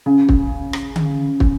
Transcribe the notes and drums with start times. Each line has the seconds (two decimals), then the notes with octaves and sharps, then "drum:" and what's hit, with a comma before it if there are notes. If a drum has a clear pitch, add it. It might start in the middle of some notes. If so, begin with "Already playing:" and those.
0.06 C#3
0.29 drum: kick
0.73 drum: rim click
0.96 drum: tom D3
1.40 drum: kick